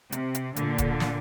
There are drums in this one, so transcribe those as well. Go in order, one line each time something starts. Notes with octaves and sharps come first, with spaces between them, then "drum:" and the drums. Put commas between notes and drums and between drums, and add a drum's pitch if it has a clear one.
C3, drum: hi-hat
drum: hi-hat
A#2 D3, drum: hi-hat
drum: kick, hi-hat
drum: snare